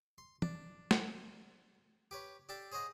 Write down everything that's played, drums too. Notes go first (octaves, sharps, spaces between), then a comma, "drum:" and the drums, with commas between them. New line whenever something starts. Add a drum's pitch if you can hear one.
C6
D4, drum: tom
drum: snare
G4 B4 C#5
D4 G4 A4 G5
G#4 C5 C#5 D#5 F#5